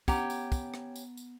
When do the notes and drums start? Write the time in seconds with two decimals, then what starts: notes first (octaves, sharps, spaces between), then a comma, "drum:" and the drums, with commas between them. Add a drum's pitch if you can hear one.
0.08 B3 C#4 G4 F#5 A#5, drum: kick, tambourine
0.30 drum: tambourine
0.52 drum: kick, tambourine
0.74 drum: rim click
0.96 drum: tambourine
1.17 drum: tambourine